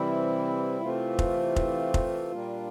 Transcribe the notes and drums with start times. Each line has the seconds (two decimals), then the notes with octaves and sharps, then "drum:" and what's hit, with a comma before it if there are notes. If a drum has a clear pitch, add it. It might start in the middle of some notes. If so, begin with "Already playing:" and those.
Already playing: C3 E3 G3 C4 E4
0.80 C3 E3 A3 C4 F4
1.19 drum: kick F1
1.56 drum: kick F1
1.94 drum: kick F1
2.31 A#2 G3 A#3 D4